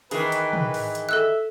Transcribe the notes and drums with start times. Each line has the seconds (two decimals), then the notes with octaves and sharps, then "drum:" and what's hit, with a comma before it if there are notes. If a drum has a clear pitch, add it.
0.11 D#3 E3 G#4 B4, drum: hi-hat
0.32 drum: hi-hat
0.53 drum: tom
0.74 drum: open hi-hat
0.95 drum: hi-hat
1.09 A4 E5 E6 F#6